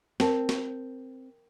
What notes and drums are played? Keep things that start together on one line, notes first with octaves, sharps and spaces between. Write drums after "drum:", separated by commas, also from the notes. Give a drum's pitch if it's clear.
C4 A#4 A5, drum: snare
drum: snare